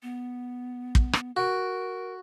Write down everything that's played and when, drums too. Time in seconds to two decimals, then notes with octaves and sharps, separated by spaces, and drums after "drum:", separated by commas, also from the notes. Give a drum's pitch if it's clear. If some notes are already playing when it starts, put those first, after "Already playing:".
0.03 B3
0.95 drum: kick
1.13 drum: rim click
1.36 F#4 A#4